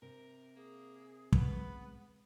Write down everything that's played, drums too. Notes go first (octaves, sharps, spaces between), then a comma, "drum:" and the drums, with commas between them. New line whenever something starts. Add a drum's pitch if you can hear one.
C3 A#4
A#3 G#4
G#3 B3 B4, drum: kick